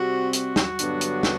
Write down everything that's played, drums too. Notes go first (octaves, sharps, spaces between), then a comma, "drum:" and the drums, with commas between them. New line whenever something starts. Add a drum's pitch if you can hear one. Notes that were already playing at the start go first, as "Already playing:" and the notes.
Already playing: C3 G3 C4 F#4
F#4, drum: hi-hat
drum: snare
G2 D3 F#3 B3 D4, drum: hi-hat
drum: hi-hat
drum: snare